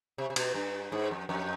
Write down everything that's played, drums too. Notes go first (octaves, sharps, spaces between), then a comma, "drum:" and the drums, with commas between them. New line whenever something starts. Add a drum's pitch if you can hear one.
C3
C3
B2, drum: cymbal
G2
G#2
F2
F2